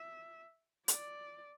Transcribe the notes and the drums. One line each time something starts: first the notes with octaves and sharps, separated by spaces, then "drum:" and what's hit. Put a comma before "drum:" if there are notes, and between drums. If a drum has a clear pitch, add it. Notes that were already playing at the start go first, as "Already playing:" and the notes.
Already playing: E5
D5, drum: hi-hat